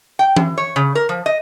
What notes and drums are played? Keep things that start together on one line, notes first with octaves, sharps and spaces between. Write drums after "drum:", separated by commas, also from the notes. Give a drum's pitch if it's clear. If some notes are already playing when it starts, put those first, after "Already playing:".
G5
E3, drum: tom E3
C#5
C#3
A#4
F3
D#5